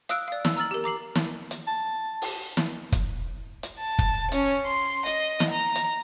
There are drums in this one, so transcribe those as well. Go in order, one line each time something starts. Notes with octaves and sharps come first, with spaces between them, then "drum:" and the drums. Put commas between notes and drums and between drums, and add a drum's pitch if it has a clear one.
F5 D#6 E6 F#6 D7, drum: hi-hat
D5 F5
E6, drum: snare
A#5 E6 F6 A6 F#7
G4 A#4
A#5 D6 C7 F#7
drum: snare
drum: hi-hat
A5
drum: open hi-hat
drum: snare
drum: kick, hi-hat
drum: hi-hat
A5
drum: kick
C#4, drum: hi-hat
C6
D#5, drum: hi-hat
drum: snare
A#5
drum: hi-hat